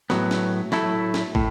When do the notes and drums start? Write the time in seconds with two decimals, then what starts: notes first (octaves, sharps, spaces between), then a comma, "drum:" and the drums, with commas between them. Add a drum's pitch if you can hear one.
0.10 A2 F#3 B3, drum: snare
0.31 drum: snare
0.72 A2 F#3 A3 E4 A4, drum: snare
1.14 drum: snare
1.35 A2, drum: kick